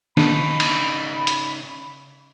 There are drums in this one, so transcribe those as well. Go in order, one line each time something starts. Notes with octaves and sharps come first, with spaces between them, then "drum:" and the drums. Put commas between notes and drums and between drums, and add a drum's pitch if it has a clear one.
C#3 D4 D#4 B5, drum: snare D#3
drum: cymbal
drum: hi-hat